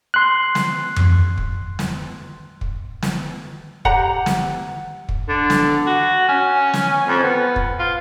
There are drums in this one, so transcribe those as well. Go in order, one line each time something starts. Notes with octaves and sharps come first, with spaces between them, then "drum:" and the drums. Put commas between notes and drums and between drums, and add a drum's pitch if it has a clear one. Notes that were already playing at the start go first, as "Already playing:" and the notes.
C6 F#6
drum: snare
drum: tom F2
drum: kick
drum: snare
drum: kick
drum: snare
G4 F#5 A#5, drum: kick
drum: snare
drum: kick
D3
drum: snare
F#4
C#4
drum: snare
F2
B3
drum: kick
F4